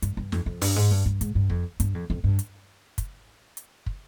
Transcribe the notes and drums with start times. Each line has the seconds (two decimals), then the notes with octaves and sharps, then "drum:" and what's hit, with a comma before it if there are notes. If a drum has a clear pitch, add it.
0.02 G2, drum: hi-hat
0.17 G2
0.32 F2, drum: snare
0.46 F2
0.61 G2, drum: open hi-hat
0.76 G#2
0.91 G2
1.06 G2
1.21 G#2, drum: hi-hat
1.35 G2
1.50 F2, drum: kick
1.80 G2, drum: hi-hat
1.95 F2
2.10 F2
2.24 G2
2.39 drum: hi-hat
2.98 drum: kick, hi-hat
3.57 drum: hi-hat
3.86 drum: kick